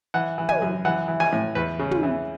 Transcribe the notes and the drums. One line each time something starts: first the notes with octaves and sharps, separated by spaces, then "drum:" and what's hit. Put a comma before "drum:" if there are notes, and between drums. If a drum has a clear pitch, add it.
E3 F#5
E3
G#5, drum: tom
F#2
E3 F#5
E3
G#5, drum: snare
A2
E2 B4
C#3
drum: tom
E3